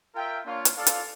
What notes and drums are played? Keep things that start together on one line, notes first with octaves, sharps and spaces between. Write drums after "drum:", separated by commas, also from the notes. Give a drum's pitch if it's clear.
F4 A#4 E5 G5
A#3 D4 F4 C#5
drum: hi-hat
F4 A4 D5 F5
drum: hi-hat